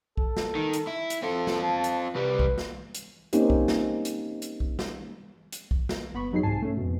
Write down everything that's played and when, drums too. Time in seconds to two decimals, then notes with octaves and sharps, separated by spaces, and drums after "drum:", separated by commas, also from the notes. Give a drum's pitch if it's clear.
0.17 A4, drum: kick
0.37 drum: snare
0.55 D#3
0.73 drum: hi-hat
0.87 E4
1.10 drum: hi-hat
1.23 C4 F4 A4
1.47 drum: snare
1.63 A5
1.84 drum: hi-hat
2.15 C2 G3 B4
2.39 drum: kick
2.58 drum: snare
2.95 drum: hi-hat
3.33 A#3 C4 C#4 D#4 G4, drum: hi-hat
3.50 drum: kick
3.68 drum: snare
4.05 drum: hi-hat
4.42 drum: hi-hat
4.60 drum: kick
4.79 drum: snare
5.52 drum: hi-hat
5.71 drum: kick
5.89 drum: snare
6.13 G1 B3 B5 C#6
6.31 F2 F#3 D#4 G#4 C7
6.43 C2 G#2 G#5 A5 C7
6.62 A3 C#4
6.77 F2 G#2 B2